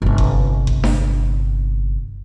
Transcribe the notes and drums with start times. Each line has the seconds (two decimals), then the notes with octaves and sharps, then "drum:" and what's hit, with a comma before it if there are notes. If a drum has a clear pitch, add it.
0.02 G1 C3
0.18 drum: kick F#1
0.67 drum: kick F#1
0.84 drum: snare D4